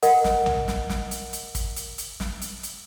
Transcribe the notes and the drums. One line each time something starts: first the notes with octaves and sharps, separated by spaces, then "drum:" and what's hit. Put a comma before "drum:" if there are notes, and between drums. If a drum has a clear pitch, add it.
A#4 D#5 F#5, drum: hi-hat
drum: snare
drum: tom B1
drum: snare
drum: snare
drum: hi-hat
drum: hi-hat
drum: kick, hi-hat
drum: hi-hat
drum: hi-hat
drum: snare
drum: hi-hat
drum: hi-hat